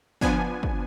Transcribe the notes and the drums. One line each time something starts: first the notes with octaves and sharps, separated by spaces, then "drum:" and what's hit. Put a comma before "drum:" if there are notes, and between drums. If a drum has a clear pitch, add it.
F3 B3 D4 G#5, drum: kick
drum: kick